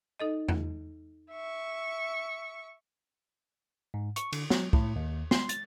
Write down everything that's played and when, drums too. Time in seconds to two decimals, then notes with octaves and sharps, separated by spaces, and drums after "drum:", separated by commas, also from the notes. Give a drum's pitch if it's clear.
0.20 D#4 A4 D#5
0.49 drum: tom E2
1.31 E5 C#6
3.94 G#2
4.16 C#6, drum: hi-hat
4.33 D3, drum: cymbal
4.50 F#3, drum: snare
4.73 A2, drum: kick
4.96 D#2
5.31 C6, drum: snare
5.49 A6, drum: hi-hat